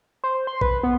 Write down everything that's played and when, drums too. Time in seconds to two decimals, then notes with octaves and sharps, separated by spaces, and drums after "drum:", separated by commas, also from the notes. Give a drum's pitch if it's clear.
0.24 C5
0.47 C6
0.61 B4, drum: kick B1
0.83 B3